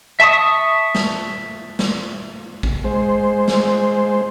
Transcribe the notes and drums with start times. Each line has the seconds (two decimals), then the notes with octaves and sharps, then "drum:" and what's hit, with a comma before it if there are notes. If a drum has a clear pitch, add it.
0.20 E5 A5 C#6 D#6
0.95 drum: snare
1.79 drum: snare
2.63 drum: kick A1
2.84 G#3 C5
3.48 drum: snare